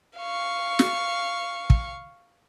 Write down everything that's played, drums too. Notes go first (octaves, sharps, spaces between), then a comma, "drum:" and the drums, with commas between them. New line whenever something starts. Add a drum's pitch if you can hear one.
F5 C#6
drum: snare
drum: kick